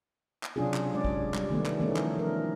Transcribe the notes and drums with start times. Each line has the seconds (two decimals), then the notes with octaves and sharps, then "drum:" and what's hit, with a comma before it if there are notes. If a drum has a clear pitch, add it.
0.43 drum: clap
0.56 C3 F#3 C#4 D4 F4 G#4
0.74 drum: clap
0.93 G#3 C#4 D4 D5
1.04 drum: kick
1.34 G3, drum: clap
1.50 D#3 A3 B3 D5
1.66 drum: clap
1.79 E3 F3 A3 B3 C#4 D#4
1.96 drum: clap
2.18 F3 C#4 A#4